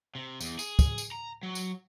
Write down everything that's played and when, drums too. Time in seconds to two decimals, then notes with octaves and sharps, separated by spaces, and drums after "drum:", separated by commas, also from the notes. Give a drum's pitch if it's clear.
0.15 C3
0.41 E2, drum: tambourine
0.59 G#4, drum: tambourine
0.79 drum: kick, tambourine
0.98 drum: tambourine
1.12 A#5
1.43 F#3
1.55 drum: tambourine